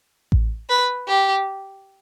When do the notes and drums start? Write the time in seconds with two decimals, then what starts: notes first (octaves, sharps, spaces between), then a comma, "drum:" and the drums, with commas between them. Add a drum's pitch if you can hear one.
0.32 drum: kick A1
0.69 B4
1.08 G4